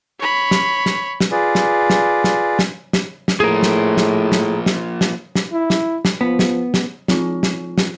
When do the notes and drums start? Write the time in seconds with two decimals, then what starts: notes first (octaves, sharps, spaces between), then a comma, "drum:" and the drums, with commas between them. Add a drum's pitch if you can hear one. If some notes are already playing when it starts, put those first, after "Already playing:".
0.20 C#5 B5
0.51 drum: snare
0.86 drum: snare
1.20 drum: snare
1.31 F4 G#4 B4 D5
1.55 drum: snare
1.90 drum: snare
2.24 drum: snare
2.59 drum: snare
2.93 drum: snare
3.28 drum: snare
3.40 A2 F3 A#3 G#4 A#4
3.63 drum: snare
3.97 drum: snare
4.32 drum: snare
4.66 drum: snare
5.01 drum: snare
5.35 drum: snare
5.52 E4
5.70 drum: snare
6.05 drum: snare
6.21 F3 B3
6.39 drum: snare
6.74 drum: snare
7.08 F3 C4 F4, drum: snare
7.43 drum: snare
7.78 drum: snare